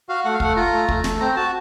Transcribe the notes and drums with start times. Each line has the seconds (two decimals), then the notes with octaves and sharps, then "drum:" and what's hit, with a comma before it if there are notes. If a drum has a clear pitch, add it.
0.09 F#4 F5
0.25 A3 F#5
0.34 F5
0.40 A3 F#5, drum: kick
0.56 F4 A#5
0.72 A3
0.89 A3, drum: kick
1.04 A3, drum: snare
1.20 C4 A#5
1.36 F#4 A5